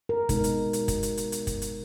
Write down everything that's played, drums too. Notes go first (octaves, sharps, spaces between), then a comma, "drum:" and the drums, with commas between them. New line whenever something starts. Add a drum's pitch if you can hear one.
A#4
B2 G#3 D#4 A#4, drum: kick, hi-hat
drum: hi-hat
drum: hi-hat
drum: kick, hi-hat
drum: hi-hat
drum: hi-hat
drum: hi-hat
drum: kick, hi-hat
drum: hi-hat